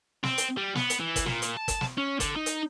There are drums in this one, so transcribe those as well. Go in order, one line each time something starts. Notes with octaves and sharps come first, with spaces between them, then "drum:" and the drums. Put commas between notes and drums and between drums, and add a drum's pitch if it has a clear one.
C4, drum: snare
drum: hi-hat
G3
B3, drum: snare
drum: hi-hat
E3
drum: kick, hi-hat
A#2, drum: snare
drum: hi-hat
A5
drum: kick, hi-hat
drum: snare
C#4
D3, drum: kick, hi-hat
D#4
drum: hi-hat